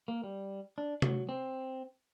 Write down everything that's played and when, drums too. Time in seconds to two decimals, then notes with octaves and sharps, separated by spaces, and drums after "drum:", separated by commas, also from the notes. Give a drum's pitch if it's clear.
0.08 A#3
0.24 G3
0.78 D4
1.02 F#3, drum: tom C3
1.29 C4